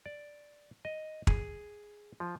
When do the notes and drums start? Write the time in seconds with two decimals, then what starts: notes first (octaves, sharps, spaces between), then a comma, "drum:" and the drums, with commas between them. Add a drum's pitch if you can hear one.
0.06 D5
0.85 D#5
1.27 G#4, drum: kick
2.20 F3